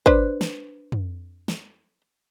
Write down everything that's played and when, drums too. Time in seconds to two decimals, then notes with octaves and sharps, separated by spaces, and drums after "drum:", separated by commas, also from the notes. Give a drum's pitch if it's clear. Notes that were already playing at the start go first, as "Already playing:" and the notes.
0.06 D4 B4 C5, drum: kick
0.41 drum: snare
0.92 drum: tom
1.48 drum: snare